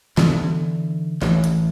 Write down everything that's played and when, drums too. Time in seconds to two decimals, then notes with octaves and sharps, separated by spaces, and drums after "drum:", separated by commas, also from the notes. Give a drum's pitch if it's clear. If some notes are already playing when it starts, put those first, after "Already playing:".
0.17 D3 E3 B3, drum: snare
1.22 A1 E3, drum: snare
1.44 drum: hi-hat